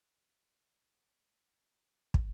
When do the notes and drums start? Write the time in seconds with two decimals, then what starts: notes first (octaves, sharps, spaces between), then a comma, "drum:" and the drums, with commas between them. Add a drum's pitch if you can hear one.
0.13 F1 B1 F#2 F#3 E4
0.73 A2 D#6
1.76 F#1 D#4 A#4
2.14 drum: kick